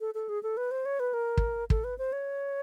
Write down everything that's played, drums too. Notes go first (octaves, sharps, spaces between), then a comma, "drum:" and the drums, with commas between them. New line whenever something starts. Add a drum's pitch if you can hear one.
A4
A4
G#4
A4
B4
C5
C#5
B4
A#4
drum: kick
A4, drum: kick
B4
C5
C#5